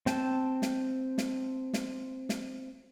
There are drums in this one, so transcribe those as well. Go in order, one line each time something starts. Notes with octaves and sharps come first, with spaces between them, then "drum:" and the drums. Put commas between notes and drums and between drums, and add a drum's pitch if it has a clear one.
C4 G5 A5, drum: snare
drum: snare
drum: snare
drum: snare
drum: snare